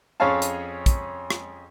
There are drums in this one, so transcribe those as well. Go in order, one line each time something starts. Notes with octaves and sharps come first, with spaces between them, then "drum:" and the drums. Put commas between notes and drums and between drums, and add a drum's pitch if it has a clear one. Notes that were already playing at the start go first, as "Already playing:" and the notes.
F2 C#4 G#4 C#5 F5 A5
drum: hi-hat
drum: kick, hi-hat
drum: rim click